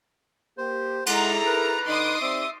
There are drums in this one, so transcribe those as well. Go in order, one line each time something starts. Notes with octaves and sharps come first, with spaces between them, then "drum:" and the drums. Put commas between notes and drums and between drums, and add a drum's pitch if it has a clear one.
A#3 G4 C5
G#3 E4 G#4 A4 F#5 A#5 C6, drum: cymbal
A#4 B4
D3 D#4 C6 D6 D#6
G3 C4 D#4 D5 E5